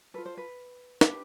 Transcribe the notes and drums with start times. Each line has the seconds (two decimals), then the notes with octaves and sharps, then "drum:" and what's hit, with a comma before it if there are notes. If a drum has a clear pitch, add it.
0.14 F4 A4 B4
0.26 C5
0.37 B4
1.01 D4 G4 B4, drum: snare